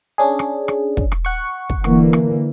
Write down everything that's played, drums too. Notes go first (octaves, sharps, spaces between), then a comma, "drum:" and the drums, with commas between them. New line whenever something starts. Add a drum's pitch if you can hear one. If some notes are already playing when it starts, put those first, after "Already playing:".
C#4 D4 G#4
drum: rim click
drum: rim click
drum: kick
drum: rim click
F#5 C#6
drum: kick
D3 E3 A#3, drum: rim click
drum: rim click